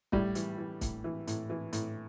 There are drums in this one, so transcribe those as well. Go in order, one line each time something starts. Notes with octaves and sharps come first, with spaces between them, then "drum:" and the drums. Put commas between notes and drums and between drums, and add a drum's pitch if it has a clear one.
A2 G3, drum: kick
E3, drum: hi-hat
E3
A2, drum: kick, hi-hat
E3
A2, drum: hi-hat
E3
A2, drum: hi-hat